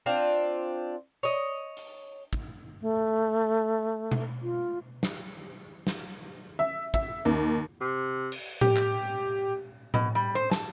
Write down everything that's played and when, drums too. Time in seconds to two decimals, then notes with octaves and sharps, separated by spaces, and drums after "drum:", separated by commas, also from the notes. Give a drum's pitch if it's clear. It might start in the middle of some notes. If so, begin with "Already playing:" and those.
0.06 C4 D4 F4
1.23 C#5 D#5
1.77 drum: hi-hat
2.33 drum: kick
2.81 A3
4.11 drum: tom B2
4.42 F4
5.03 drum: snare
5.87 drum: snare
6.59 E5
6.94 E5, drum: kick
7.25 D#2
7.81 C3
8.32 drum: cymbal
8.61 G4, drum: tom A2
8.76 drum: clap
9.94 B2, drum: tom A2
10.15 G3
10.35 C5
10.51 A5, drum: snare